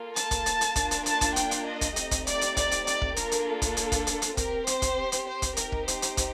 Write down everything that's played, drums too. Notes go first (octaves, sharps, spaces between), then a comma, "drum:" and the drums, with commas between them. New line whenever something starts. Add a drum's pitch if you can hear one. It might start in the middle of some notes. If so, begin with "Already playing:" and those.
Already playing: A#3 F4 A4
A5, drum: hi-hat
drum: kick, hi-hat
drum: hi-hat
drum: hi-hat
A#3 D4 F4, drum: kick, hi-hat
drum: hi-hat
A5, drum: hi-hat
drum: kick, hi-hat
G5, drum: hi-hat
drum: hi-hat
D#5
drum: kick, hi-hat
A3 C4 D#4 G4, drum: hi-hat
drum: kick, hi-hat
D5, drum: hi-hat
drum: hi-hat
D5, drum: kick, hi-hat
drum: hi-hat
D5, drum: hi-hat
drum: kick
A#3 D4 F4 A4 A#4, drum: hi-hat
drum: hi-hat
A4
drum: kick, hi-hat
drum: hi-hat
drum: kick, hi-hat
drum: hi-hat
drum: hi-hat
C4 G4 A#4, drum: kick, hi-hat
C5, drum: hi-hat
drum: kick, hi-hat
drum: hi-hat
C5
drum: kick, hi-hat
C4 D#4 G4 A#4, drum: hi-hat
drum: kick
C5, drum: hi-hat
drum: hi-hat
drum: kick, hi-hat